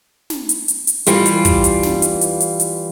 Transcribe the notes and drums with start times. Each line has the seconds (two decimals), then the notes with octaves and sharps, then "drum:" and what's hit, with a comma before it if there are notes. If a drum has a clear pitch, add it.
0.30 drum: snare
0.49 drum: hi-hat
0.68 drum: hi-hat
0.87 drum: hi-hat
1.07 E3 G3 F4, drum: hi-hat
1.26 drum: hi-hat
1.45 drum: kick, hi-hat
1.64 drum: hi-hat
1.83 drum: snare
2.02 drum: hi-hat
2.21 drum: hi-hat
2.41 drum: hi-hat
2.60 drum: hi-hat